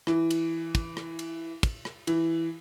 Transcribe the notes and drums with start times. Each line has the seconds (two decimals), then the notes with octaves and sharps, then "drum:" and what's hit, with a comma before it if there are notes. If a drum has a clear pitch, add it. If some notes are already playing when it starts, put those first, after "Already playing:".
0.07 E3, drum: rim click
0.31 drum: cymbal
0.75 drum: kick, cymbal
0.97 drum: rim click
1.19 drum: cymbal
1.63 drum: kick, cymbal
1.85 drum: rim click
2.07 E3, drum: cymbal